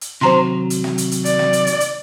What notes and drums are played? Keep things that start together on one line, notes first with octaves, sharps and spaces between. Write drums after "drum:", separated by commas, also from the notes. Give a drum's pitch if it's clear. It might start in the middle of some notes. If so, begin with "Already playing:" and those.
drum: hi-hat
C3 D#3 F#3 C5 A#5 C6
drum: hi-hat
drum: snare
drum: hi-hat
drum: hi-hat
D5, drum: hi-hat
drum: snare
drum: hi-hat
drum: hi-hat
drum: hi-hat